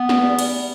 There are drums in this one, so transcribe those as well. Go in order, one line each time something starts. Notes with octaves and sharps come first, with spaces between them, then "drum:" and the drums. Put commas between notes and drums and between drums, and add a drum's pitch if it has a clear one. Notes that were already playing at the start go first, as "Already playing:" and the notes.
Already playing: B3
E2, drum: snare
G3
G3, drum: cymbal